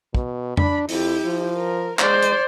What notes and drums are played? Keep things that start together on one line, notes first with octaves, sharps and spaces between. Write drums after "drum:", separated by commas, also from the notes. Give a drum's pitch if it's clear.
B2, drum: kick
D4 B5, drum: tom F2
F2 E4 G4, drum: open hi-hat
F3
A#4
G#3 C5 D5, drum: clap
drum: hi-hat